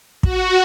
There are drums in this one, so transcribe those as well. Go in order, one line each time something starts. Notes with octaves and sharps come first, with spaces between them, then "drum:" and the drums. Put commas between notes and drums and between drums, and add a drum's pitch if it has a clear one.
F#4, drum: kick